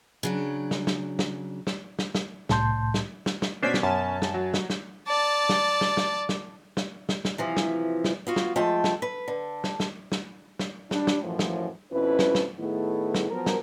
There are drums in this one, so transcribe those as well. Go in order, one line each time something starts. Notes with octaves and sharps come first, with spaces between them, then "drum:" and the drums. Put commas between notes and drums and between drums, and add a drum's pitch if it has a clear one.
C#3 F#3 D4
drum: snare
drum: snare
drum: snare
drum: snare
drum: snare
drum: snare
C2 A2 A5 C6 G6, drum: snare
drum: snare
drum: snare
drum: snare
B2 C#4 D4 C5 D5 G#6 B6
drum: snare
F#2 G#5 A5
drum: snare
F#3
drum: snare
drum: snare
D5 A5
drum: snare
drum: snare
drum: snare
drum: snare
drum: snare
drum: snare
drum: snare
C3 E3 F3
drum: snare
drum: snare
B3 F4 F#4
drum: snare
F3 G#3 A3 G5 A5
drum: snare
B4
D3
drum: snare
drum: snare
drum: snare
drum: snare
G3 D4, drum: snare
drum: snare
F#2 A2 E3 F3
drum: snare
F2 B2 C#4 E4 B4
drum: snare
drum: snare
A2 D#3 A3 B3 E4 G#4
drum: snare
F3 F#3 B3 A#4
drum: snare